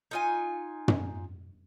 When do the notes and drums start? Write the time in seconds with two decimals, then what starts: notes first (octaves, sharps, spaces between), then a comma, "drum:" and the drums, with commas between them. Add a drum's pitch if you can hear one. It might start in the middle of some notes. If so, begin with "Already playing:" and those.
0.11 D#4 F4 G#5
0.88 drum: tom